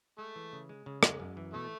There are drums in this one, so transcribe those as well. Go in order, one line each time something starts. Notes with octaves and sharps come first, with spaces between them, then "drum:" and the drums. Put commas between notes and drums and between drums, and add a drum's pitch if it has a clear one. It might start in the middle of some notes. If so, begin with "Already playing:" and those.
G#3 A3
E3
C#3
G#3
C#3
G#3, drum: rim click
F#2
E3
B2 A3